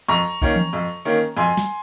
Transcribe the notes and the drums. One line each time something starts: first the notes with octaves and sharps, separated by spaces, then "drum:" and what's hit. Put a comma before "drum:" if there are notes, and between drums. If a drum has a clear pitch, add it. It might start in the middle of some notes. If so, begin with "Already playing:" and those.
F2 A#5 C#6
D#3 A#3 C#4, drum: kick
drum: tom E3
F2
D#3 A#3 C#4
F2 G#5 C6
drum: snare